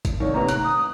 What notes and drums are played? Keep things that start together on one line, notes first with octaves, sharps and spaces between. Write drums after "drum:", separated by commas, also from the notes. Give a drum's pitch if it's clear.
drum: kick, hi-hat
C2 D#3 C#5
A1 C3 B3 A#5
F#6, drum: hi-hat
D#6